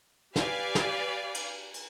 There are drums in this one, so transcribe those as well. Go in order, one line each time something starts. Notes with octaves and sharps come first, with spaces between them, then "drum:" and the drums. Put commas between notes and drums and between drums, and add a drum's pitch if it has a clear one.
G4 B4 D5 F5 G#5, drum: snare
drum: snare
drum: cymbal
drum: cymbal